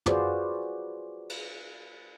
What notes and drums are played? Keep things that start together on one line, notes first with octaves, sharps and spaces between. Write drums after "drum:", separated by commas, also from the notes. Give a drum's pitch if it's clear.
F4 F#4 G#4 B4 C5 D5, drum: tom
drum: cymbal